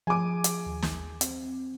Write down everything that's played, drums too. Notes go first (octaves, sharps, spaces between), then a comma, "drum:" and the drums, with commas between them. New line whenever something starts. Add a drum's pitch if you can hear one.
F3 G#4 G#5 D6 D#7
drum: hi-hat
D#2
drum: snare
C4, drum: hi-hat